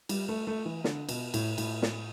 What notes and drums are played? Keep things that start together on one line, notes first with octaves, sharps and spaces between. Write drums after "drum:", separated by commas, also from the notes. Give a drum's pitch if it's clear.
G3, drum: cymbal
A3
A3
E3
D3, drum: snare
B2, drum: cymbal
A2, drum: cymbal
A2, drum: cymbal
drum: snare